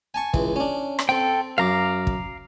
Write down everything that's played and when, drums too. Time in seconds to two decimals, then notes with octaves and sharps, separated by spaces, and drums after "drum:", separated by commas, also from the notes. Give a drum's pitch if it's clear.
0.14 G#5 A5 C#6
0.34 C#2 E3, drum: kick
0.56 C#4 D4
0.99 drum: rim click
1.09 C4 A4 G5
1.58 F#2 F5 A#5 D6
2.07 drum: kick